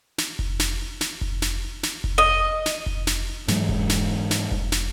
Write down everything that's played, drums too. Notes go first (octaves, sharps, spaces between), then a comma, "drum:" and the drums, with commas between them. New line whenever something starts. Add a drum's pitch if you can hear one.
drum: snare
drum: kick F1
drum: snare
drum: snare
drum: kick F1
drum: snare
drum: snare
drum: kick F1
D#5
drum: snare
drum: kick F1
drum: snare
G#2 E3 F#3 G#3, drum: snare
drum: kick F1
drum: snare
drum: snare
drum: kick F1
drum: snare